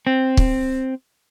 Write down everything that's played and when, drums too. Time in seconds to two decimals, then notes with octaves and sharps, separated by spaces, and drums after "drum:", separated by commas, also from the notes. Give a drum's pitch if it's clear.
0.07 C4
0.37 drum: kick